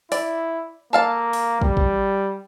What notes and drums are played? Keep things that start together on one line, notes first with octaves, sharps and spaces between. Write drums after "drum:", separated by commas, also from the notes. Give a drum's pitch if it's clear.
E4 D5, drum: open hi-hat
A#3 A4 F5 A5
drum: open hi-hat
G3, drum: kick
drum: kick